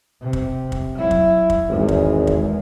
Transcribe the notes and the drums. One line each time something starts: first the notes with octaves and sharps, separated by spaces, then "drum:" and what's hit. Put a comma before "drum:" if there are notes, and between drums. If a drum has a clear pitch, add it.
C3
drum: kick
drum: kick
F#3 E4
drum: kick
drum: kick
G#1 E2 G#3
drum: kick
drum: kick